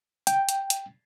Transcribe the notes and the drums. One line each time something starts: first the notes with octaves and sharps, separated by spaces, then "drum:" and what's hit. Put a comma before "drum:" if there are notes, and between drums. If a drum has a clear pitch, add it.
G5, drum: hi-hat
drum: hi-hat
drum: hi-hat